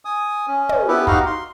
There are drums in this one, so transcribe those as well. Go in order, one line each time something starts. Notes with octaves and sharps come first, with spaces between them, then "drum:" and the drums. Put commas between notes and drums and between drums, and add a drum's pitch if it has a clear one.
G#5 D#6
C#4
drum: tom
B3 E4 G4 A4 B4
D#4 F#4 G4 F5 F#5 A#5, drum: kick
C6